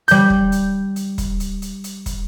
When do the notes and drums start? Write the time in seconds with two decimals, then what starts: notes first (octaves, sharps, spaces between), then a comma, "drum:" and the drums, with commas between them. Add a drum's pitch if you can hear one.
0.08 G3 G6, drum: hi-hat
0.30 drum: kick
0.52 drum: hi-hat
0.96 drum: hi-hat
1.18 drum: kick, hi-hat
1.40 drum: hi-hat
1.62 drum: hi-hat
1.84 drum: hi-hat
2.06 drum: kick, hi-hat